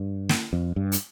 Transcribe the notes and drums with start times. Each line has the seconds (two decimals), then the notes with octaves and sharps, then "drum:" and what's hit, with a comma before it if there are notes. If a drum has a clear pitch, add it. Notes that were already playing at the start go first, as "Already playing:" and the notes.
Already playing: G2
0.29 drum: snare
0.53 F2
0.76 G2
0.92 drum: hi-hat